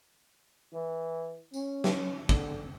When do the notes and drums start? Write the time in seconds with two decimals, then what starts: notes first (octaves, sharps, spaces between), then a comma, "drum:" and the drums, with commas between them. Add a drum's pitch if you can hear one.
0.73 E3
1.54 C#4, drum: tambourine
1.84 drum: snare
2.29 D3, drum: kick